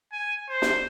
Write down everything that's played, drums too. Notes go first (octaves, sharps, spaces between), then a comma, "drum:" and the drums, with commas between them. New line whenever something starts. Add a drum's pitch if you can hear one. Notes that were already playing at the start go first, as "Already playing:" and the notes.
G#5
C5
drum: snare